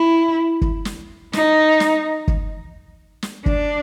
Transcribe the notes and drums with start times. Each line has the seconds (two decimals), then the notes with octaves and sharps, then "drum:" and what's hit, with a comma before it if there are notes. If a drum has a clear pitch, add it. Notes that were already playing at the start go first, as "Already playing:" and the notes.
Already playing: E4
0.61 drum: kick
0.85 drum: snare
1.33 D#4, drum: snare
1.80 drum: snare
2.28 drum: kick
3.22 drum: snare
3.46 D4, drum: kick